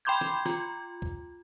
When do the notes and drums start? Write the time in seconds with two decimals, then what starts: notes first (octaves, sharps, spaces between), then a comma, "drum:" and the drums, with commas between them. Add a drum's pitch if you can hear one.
0.05 G5 B5 C6 D6 G6 G#6
0.21 drum: snare
0.46 F4, drum: snare
1.02 drum: kick